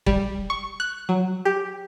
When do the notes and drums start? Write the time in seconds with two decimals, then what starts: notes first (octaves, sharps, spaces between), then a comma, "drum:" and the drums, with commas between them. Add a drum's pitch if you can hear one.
0.06 G3, drum: kick
0.50 C#6
0.80 F#6
1.09 F#3
1.45 G4